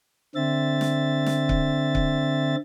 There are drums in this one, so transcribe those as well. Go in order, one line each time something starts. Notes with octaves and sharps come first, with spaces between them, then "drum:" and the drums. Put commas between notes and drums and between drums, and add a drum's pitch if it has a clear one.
D3 C4 E5 A6
drum: snare
drum: snare
drum: kick
drum: kick